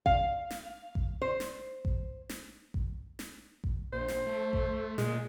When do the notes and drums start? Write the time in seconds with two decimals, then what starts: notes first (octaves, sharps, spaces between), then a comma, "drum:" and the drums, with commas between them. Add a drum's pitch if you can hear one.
0.06 F5, drum: kick A1
0.50 drum: snare
0.95 drum: kick A1
1.22 C5
1.40 drum: snare
1.85 drum: kick A1
2.29 drum: snare
2.74 drum: kick A1
3.19 drum: snare
3.64 drum: kick A1
3.93 A#1 C5
4.08 drum: snare
4.27 A3
4.53 drum: kick A1
4.98 A#2 G#3, drum: snare